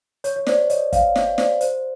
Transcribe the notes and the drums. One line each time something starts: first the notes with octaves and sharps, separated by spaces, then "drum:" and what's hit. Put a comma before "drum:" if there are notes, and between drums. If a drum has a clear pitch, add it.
C#5, drum: hi-hat
C#5
C5 D5, drum: snare
C#5 D#5, drum: hi-hat
D#5 F5, drum: kick, hi-hat
C#5 D#5, drum: snare
C5 D5, drum: snare
C5, drum: hi-hat